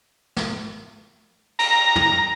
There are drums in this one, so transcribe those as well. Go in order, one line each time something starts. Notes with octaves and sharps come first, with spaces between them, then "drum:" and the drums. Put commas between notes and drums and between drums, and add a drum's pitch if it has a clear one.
drum: snare
A#5, drum: cymbal
drum: tom